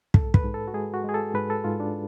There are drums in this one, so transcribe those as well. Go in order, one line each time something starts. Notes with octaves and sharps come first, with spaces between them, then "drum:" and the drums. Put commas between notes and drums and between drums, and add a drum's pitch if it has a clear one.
G#2 A4, drum: kick
B4, drum: kick
G#2
A4
F#4
G#3 G#4
F#4
G#3 G#4
A4
G#2 B4
A4
G#2 F4
D4